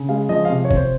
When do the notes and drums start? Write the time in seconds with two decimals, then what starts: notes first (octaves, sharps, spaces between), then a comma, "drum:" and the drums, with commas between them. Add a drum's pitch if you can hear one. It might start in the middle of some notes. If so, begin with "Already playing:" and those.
Already playing: C#3
0.09 G#3 F5
0.29 F3 D#5
0.45 C3 F5
0.65 C#5
0.71 C3, drum: kick
0.76 C5